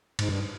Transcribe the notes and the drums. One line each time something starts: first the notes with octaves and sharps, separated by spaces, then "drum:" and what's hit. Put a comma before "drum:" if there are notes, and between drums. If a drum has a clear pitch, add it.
G#2, drum: cymbal
G2